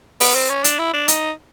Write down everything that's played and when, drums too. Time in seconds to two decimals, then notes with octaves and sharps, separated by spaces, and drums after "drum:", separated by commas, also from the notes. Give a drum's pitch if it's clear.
0.20 B3, drum: open hi-hat
0.35 C4
0.50 C#4
0.64 D4, drum: hi-hat
0.79 E4
0.93 D4
1.08 D#4, drum: hi-hat